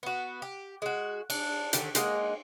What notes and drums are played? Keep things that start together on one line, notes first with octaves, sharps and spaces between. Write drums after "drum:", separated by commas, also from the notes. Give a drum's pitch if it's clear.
B3 F#4
G4
G#3 F#4
D4, drum: cymbal
D3 D#3 G4, drum: hi-hat
G#3 A#3 D#5 F#5, drum: hi-hat